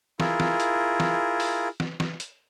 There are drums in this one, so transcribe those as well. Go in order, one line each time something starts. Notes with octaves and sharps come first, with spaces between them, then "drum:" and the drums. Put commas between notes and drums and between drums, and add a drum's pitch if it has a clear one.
E4 F4 G#4 A#4, drum: snare
drum: snare
drum: hi-hat
drum: snare
drum: open hi-hat
drum: snare
drum: snare
drum: hi-hat